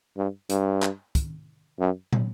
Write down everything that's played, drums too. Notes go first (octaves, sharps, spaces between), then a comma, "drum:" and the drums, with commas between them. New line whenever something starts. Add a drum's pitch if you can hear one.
G2
G2, drum: hi-hat
drum: clap
drum: kick, hi-hat
F#2
drum: tom